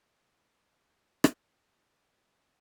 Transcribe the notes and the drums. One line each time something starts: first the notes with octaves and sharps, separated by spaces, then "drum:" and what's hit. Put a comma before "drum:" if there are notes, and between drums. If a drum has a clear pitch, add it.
A3 C4
drum: rim click
C3 G#4 C#5 D#5